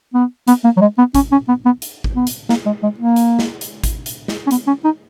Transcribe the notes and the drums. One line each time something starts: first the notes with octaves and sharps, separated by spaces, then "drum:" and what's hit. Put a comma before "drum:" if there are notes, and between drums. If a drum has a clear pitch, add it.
B3
B3, drum: hi-hat
A#3
F#3
G#3
B3
C#4, drum: kick G#1, hi-hat
C#4
B3
B3
drum: hi-hat
drum: kick G#1
B3
drum: hi-hat
A#3, drum: snare
G#3
G#3
A#3
drum: hi-hat
drum: snare
drum: hi-hat
drum: kick G#1, hi-hat
drum: hi-hat
drum: snare
C#4
B3, drum: hi-hat
C#4
D#4